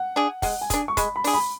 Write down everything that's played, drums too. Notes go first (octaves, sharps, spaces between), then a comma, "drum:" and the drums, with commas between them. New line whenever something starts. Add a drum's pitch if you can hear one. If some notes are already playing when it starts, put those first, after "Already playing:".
Already playing: F#5
D4 G#4
G#3 F#5, drum: kick, open hi-hat
G#5
D4 G#4, drum: kick, hi-hat
C#6
G#3 B5, drum: kick, hi-hat
B5
D4 G#4, drum: open hi-hat
B5